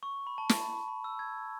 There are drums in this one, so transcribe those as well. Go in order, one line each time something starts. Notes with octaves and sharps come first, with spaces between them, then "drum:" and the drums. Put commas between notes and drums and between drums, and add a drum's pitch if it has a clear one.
C#6
B5
A5
A5, drum: snare
B5
B5
B5
E6
G#6